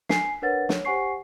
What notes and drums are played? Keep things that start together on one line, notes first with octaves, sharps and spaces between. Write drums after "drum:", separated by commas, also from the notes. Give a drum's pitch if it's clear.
G#5 B6 C7, drum: snare
D4 A#4 B4 C#5 F#5 A6
C#5, drum: snare
G4 C5 F#5 G#5 C#6 C7